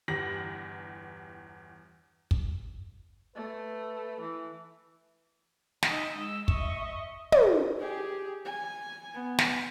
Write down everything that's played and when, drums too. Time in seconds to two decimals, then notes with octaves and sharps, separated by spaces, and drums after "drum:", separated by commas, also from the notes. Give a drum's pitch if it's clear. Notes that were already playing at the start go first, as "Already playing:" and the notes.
0.08 G1 E2 G4 A#6 F#7
2.31 drum: kick
3.35 A3 B4
4.21 E3
5.83 D#4 D#5 E5, drum: snare
6.17 G#3 E6
6.48 D#5 E5 C#6, drum: kick
7.32 drum: tom
7.79 G4 G#4
8.45 G#5
9.14 B3
9.38 drum: snare